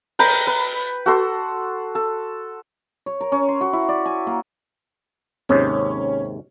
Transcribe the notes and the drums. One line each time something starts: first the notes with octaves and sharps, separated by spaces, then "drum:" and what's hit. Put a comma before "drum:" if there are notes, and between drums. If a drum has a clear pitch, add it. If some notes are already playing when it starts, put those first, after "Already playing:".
B4 G5 A#5 B5, drum: open hi-hat
B4
F#4 A4 C6
A4
C#5
A#4
C#4
C6
F#4
E4
D5
G#5
A#3
D#2 G#2 C3 C#4